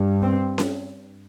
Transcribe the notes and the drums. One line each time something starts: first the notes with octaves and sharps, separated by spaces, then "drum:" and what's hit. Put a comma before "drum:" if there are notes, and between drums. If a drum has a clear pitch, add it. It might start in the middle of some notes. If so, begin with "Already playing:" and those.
Already playing: G2
C4
drum: snare C#4